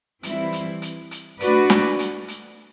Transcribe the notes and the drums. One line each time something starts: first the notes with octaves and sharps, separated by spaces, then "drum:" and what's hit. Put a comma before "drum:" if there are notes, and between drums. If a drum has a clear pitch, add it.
E3 G3 C4 E4, drum: hi-hat
drum: hi-hat
drum: hi-hat
drum: hi-hat
A3 D4 F#4 B4 D5, drum: hi-hat
drum: snare
drum: hi-hat
drum: hi-hat